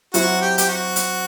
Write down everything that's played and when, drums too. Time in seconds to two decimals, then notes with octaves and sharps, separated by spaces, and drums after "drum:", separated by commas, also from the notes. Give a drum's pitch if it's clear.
0.14 F#3 C4 E4 F#4, drum: hi-hat
0.41 G4
0.58 G4, drum: hi-hat
0.68 F#4
0.96 drum: hi-hat